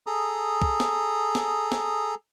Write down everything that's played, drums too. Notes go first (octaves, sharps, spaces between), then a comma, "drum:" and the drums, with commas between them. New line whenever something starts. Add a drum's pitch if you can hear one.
G#4 A4 A#5 D#6
drum: kick
drum: snare
drum: snare
drum: snare